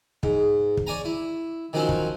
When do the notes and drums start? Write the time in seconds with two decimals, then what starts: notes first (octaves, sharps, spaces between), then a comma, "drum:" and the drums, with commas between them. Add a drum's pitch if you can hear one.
0.23 G#2, drum: kick
0.77 drum: kick
0.87 C#5 D5 G#5 A#5
1.05 E4
1.73 D#3 F3 F#3 C4 C#4
1.89 drum: kick